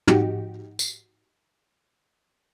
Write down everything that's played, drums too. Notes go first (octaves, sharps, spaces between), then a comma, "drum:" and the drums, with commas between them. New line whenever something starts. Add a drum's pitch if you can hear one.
D#4 F#4 G4, drum: tom
drum: tambourine